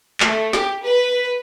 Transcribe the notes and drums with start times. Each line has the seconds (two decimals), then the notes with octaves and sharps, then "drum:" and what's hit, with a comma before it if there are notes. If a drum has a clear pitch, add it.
0.20 A3, drum: clap
0.53 G4, drum: snare
0.83 B4